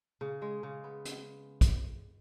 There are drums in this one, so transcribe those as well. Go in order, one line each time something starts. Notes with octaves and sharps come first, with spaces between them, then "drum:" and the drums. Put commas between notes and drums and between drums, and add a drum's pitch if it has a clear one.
C#3
G#3
C#3
B3
drum: hi-hat
drum: kick, hi-hat